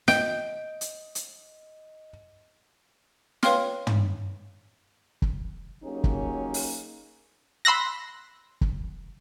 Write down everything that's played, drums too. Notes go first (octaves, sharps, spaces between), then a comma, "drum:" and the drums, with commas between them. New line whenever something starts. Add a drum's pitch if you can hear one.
D#5 G5, drum: snare
drum: hi-hat
drum: hi-hat
B4 C#5 F5 G5 C6 F6, drum: snare
drum: tom
drum: kick
F#3 A#3 C#4 D#4 G4 G#4
drum: kick
drum: open hi-hat
B5 C6 E6 F#6 A#6
drum: kick